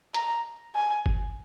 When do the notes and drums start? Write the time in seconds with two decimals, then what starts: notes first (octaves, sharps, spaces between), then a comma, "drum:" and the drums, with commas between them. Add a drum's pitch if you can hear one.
0.14 A#5, drum: hi-hat
0.75 G#5
1.06 drum: kick G1